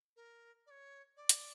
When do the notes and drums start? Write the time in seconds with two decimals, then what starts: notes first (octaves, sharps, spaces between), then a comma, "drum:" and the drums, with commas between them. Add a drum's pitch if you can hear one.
0.16 A#4
0.66 D5
0.71 C#5
1.17 D5
1.29 drum: hi-hat